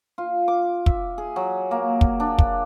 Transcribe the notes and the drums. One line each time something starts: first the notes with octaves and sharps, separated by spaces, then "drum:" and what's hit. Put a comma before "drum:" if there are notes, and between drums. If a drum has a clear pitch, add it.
F4
D6
E5, drum: kick
G#4
F#3
A#3
drum: kick
D4
drum: kick